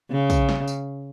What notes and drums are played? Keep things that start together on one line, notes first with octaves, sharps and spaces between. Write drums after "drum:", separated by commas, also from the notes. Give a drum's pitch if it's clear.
C#3
drum: kick, tambourine
drum: snare
drum: tambourine